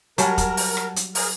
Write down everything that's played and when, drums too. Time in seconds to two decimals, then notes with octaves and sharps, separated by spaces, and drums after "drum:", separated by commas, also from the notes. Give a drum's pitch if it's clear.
0.18 F#3 G3 A#4 F#5 G#5 A5, drum: hi-hat
0.38 drum: kick, hi-hat
0.57 drum: open hi-hat
0.77 drum: rim click
0.96 drum: hi-hat
1.15 G#4 A#4, drum: open hi-hat